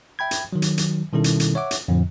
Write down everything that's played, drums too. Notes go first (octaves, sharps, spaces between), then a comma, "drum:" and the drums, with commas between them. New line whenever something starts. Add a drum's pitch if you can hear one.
E5 G5 B5 G#6
drum: hi-hat
D#3 F#3
drum: hi-hat
drum: hi-hat
B2 D#3 G3 C#4 E4 A4
drum: hi-hat
drum: hi-hat
C#5 E5 F#5 D6
drum: hi-hat
F2 A2 D3 F3